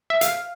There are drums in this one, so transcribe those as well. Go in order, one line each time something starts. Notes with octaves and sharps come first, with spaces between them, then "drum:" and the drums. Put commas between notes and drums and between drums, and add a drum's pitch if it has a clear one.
E5
F5, drum: hi-hat